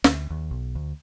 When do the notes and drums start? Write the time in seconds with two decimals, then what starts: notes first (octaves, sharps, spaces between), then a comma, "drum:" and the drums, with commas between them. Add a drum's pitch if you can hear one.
0.04 D2, drum: snare
0.30 D#2
0.51 B1
0.75 D2